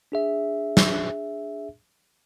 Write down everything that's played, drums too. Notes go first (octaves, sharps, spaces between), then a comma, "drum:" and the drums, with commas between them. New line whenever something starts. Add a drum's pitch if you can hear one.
D4 G#4 E5
drum: snare